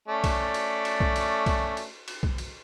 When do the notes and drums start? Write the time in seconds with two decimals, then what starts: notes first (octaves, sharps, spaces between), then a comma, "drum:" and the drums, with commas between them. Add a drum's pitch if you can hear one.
0.08 A3 C#4 D5
0.24 drum: kick B1, cymbal
0.54 drum: cymbal
0.85 drum: cymbal
1.00 drum: kick B1
1.16 drum: cymbal
1.46 drum: kick B1, cymbal
1.77 drum: cymbal
2.08 drum: cymbal
2.23 drum: kick B1
2.38 drum: cymbal